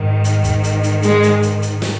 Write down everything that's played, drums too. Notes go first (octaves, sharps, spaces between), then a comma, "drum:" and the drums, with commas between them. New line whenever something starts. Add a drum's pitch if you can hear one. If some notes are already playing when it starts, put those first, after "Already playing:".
Already playing: G#2 D#3
drum: hi-hat
drum: kick, hi-hat
drum: hi-hat
drum: hi-hat
G#3, drum: hi-hat
drum: hi-hat
drum: hi-hat
drum: hi-hat
drum: snare